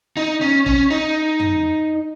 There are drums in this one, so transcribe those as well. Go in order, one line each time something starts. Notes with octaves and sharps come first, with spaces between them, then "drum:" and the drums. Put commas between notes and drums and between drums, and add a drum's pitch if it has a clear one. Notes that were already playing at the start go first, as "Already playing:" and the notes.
D#4
C#4
C#4, drum: kick
D#4
drum: tom